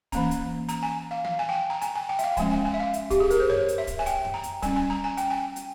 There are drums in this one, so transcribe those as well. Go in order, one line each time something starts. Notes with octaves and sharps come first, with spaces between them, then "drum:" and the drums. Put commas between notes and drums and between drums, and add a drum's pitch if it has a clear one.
E3 A#3 C#4 A#5, drum: kick, hi-hat
drum: hi-hat
A#5, drum: hi-hat
G#5
F5
F5, drum: tom
G#5
G5
G#5
A#5
G#5, drum: hi-hat
G#5
G5
E5, drum: hi-hat
F5
F3 G#3 C#4 G#5, drum: kick, hi-hat
G#5
G#5
E5
F5
drum: hi-hat
G4, drum: kick, hi-hat
G#4
A#4, drum: hi-hat
C5
C#5, drum: tom F2
drum: hi-hat
E5
drum: kick, hi-hat
G#5
G5, drum: hi-hat
drum: tom F2
A#5
drum: hi-hat
G3 C#4 G#5, drum: kick, hi-hat
G#5
A#5
G#5
G5, drum: hi-hat
G#5
drum: hi-hat